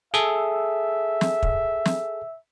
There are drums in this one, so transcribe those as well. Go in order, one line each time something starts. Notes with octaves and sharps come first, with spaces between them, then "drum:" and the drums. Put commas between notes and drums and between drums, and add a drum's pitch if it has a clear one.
G#4 A4 E5
drum: snare
drum: kick
drum: snare